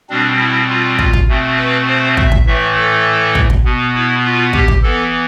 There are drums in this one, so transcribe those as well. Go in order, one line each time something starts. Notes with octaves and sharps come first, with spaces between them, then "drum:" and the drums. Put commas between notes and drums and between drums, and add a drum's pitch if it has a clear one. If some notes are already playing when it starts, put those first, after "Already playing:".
B2 G3 C4 D4
E4
F4
F4, drum: kick
drum: kick
B2 A3 C4
B4
C5
E5, drum: kick
drum: kick
A2 E3 A3 E5
A4
drum: kick
drum: kick
B2 B3
E4
F4
G4, drum: kick
drum: kick
E3 B3 A4